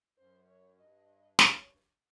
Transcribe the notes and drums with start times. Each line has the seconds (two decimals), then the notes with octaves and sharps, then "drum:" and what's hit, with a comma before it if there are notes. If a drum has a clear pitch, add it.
0.18 F#2 C5
0.48 C#5
0.78 G2 D#5
1.39 C#5, drum: snare